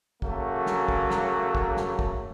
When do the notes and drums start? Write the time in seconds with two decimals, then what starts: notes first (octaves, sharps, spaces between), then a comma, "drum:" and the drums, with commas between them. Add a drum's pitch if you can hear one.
0.22 C#3 F#3 A3 A#3, drum: kick
0.66 drum: snare
0.88 drum: kick
1.10 drum: snare
1.55 drum: kick
1.77 drum: snare
1.99 drum: kick